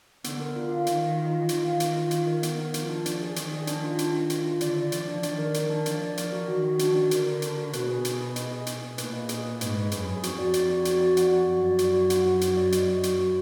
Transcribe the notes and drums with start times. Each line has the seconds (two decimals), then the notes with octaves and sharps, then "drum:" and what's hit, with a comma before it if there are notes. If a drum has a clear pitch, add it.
0.24 D3 B3, drum: hi-hat
0.40 A#4
0.55 D3 F4
0.71 F5
0.87 D#3 F5, drum: hi-hat
1.03 F5
1.17 F4
1.34 F4
1.49 D#3 F4, drum: hi-hat
1.64 F5
1.80 F5, drum: hi-hat
1.96 F4
2.11 F5, drum: hi-hat
2.27 A#4
2.43 B3, drum: hi-hat
2.58 A#4
2.74 F3 F4, drum: hi-hat
2.90 D4
3.06 D5, drum: hi-hat
3.21 G#4
3.36 D#3 D5, drum: hi-hat
3.52 G#4
3.67 D4, drum: hi-hat
3.83 F4
3.99 D4, drum: hi-hat
4.14 D4
4.30 F4, drum: hi-hat
4.46 F4
4.61 D3 D5, drum: hi-hat
4.77 D5
4.92 F3 D5, drum: hi-hat
5.08 D4
5.23 D#3 D5, drum: hi-hat
5.39 A#4
5.54 A#4, drum: hi-hat
5.70 D4
5.86 F3 D5, drum: hi-hat
6.01 D5
6.17 A#4, drum: hi-hat
6.33 F#4
6.48 D#3 F#4
6.64 F#4
6.79 D4, drum: hi-hat
6.95 D5
7.11 D3 A#4, drum: hi-hat
7.26 A#4
7.42 D4, drum: hi-hat
7.58 F#4
7.73 B2 B4, drum: hi-hat
7.88 G#4
8.05 G#4, drum: hi-hat
8.20 B4
8.36 D#5, drum: hi-hat
8.52 G#4
8.67 G#4, drum: hi-hat
8.83 G#4
8.98 A#2 B4, drum: hi-hat
9.13 D#5
9.29 G#4, drum: hi-hat
9.45 B4
9.61 G#2 D#5, drum: hi-hat
9.76 B4
9.91 F#2 G#4, drum: hi-hat
10.07 G#4
10.23 F2 F#4, drum: hi-hat
10.38 D5
10.54 D5, drum: hi-hat
10.69 F#4
10.85 F#4, drum: hi-hat
11.01 D5
11.17 F#5, drum: hi-hat
11.32 F#4
11.47 F#2 F#4
11.64 D5
11.79 F#4, drum: hi-hat
11.94 F#4
12.10 F#5, drum: hi-hat
12.25 F#4
12.41 F#4, drum: hi-hat
12.57 D5
12.72 D#5, drum: hi-hat
12.88 F#4
13.03 F#4, drum: hi-hat
13.19 F#4